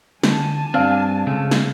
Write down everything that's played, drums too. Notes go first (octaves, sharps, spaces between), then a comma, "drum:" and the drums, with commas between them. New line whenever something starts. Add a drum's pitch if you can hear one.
D3 G#5 A5, drum: snare
G2 C4 D4 F5
C#3 G#3 A3
drum: snare